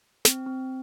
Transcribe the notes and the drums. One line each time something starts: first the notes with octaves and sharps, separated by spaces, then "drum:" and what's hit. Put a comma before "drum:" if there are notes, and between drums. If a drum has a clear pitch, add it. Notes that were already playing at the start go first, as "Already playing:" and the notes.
C4, drum: snare
C4